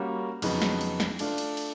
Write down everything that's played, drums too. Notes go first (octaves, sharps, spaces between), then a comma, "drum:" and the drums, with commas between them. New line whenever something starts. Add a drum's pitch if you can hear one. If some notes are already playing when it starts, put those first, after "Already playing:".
Already playing: G3 A#3 C#4 F#4
F2 C#3 F#3 B3 D#4, drum: cymbal
drum: snare
drum: cymbal
drum: snare
A3 D4 F4, drum: cymbal
drum: cymbal
drum: cymbal